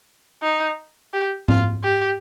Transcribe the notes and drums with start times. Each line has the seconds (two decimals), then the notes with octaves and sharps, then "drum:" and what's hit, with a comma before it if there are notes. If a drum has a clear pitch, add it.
0.42 D#4
1.13 G4
1.48 F4, drum: tom G#2
1.84 G4